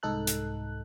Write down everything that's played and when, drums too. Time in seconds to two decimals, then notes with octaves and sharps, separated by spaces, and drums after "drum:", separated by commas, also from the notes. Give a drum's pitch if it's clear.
0.03 C2 G#2 D#4 A4 F#6
0.27 drum: hi-hat